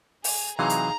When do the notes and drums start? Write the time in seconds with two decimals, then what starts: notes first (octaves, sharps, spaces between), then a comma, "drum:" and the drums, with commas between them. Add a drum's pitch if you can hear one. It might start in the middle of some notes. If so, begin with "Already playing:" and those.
0.24 G#4, drum: open hi-hat
0.59 C3 E3 F#3 D#4 G#4 F5 A#5
0.70 drum: hi-hat